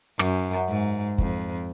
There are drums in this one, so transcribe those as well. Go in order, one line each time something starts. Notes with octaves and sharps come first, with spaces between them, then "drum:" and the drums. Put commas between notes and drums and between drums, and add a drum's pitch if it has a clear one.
F#2, drum: rim click
G#2
F2, drum: kick